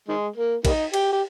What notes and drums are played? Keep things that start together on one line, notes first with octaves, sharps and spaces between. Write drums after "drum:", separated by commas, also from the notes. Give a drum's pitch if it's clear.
D#3 G#3
A#3
G3 A#3 D#4, drum: kick, cymbal
G4, drum: cymbal
G4